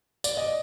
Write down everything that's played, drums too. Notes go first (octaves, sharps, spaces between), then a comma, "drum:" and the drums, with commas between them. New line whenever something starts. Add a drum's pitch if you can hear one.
D5, drum: tambourine
D#5